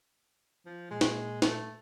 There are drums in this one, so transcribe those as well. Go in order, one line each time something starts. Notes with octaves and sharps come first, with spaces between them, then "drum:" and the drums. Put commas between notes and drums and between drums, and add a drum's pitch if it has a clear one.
F3
A#2 G#3
drum: snare
A3, drum: snare